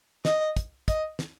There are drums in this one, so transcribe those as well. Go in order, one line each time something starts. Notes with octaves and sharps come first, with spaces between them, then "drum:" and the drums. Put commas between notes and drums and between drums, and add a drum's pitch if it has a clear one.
D#5, drum: snare
drum: kick, hi-hat
D#5, drum: kick, hi-hat
drum: snare